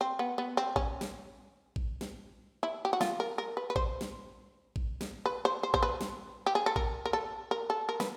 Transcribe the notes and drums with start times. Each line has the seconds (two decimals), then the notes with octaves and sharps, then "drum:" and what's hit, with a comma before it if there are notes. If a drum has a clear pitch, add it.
0.01 C4
0.19 B3
0.38 B3
0.57 C4
0.76 C#4, drum: kick
1.01 drum: snare
1.76 drum: kick
2.01 drum: snare
2.63 E4
2.85 G4
2.93 F#4
3.01 F4, drum: snare
3.20 A#4
3.38 A#4
3.57 B4
3.70 B4
3.76 C5, drum: kick
4.01 drum: snare
4.76 drum: kick
5.01 drum: snare
5.26 B4
5.45 C5
5.63 C5
5.74 C5, drum: kick
5.83 B4
6.01 drum: snare
6.46 G4
6.55 G#4
6.66 A4
6.76 A#4, drum: kick
7.06 A#4
7.13 A4
7.51 A#4
7.70 A4
7.89 A#4
8.00 B4, drum: snare